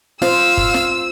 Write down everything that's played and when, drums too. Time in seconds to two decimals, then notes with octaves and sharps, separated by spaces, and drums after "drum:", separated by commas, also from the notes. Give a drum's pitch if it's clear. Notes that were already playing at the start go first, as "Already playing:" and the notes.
0.22 F4 C5 F5 E6, drum: snare
0.57 drum: kick
0.74 drum: snare